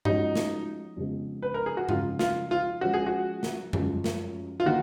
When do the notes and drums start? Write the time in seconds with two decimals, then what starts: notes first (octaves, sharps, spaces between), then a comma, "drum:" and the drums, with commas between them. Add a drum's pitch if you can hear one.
0.05 F3 G#3 C#4 D#4 F#4, drum: tom G2
0.36 drum: snare
0.96 F2 C#3 G#3 B3
1.42 B4
1.54 A#4
1.66 G#4
1.77 F#4
1.89 F2 C#3 G#3 D#4 F4, drum: tom G2
2.19 F4, drum: snare
2.51 F4
2.81 F3 G#3 C#4 F#4
2.94 G#4
3.06 F#4
3.43 drum: snare
3.73 F#2 F3 G#3, drum: tom F2
4.04 drum: snare
4.60 F4
4.65 D#3 F#3 A#3 F#4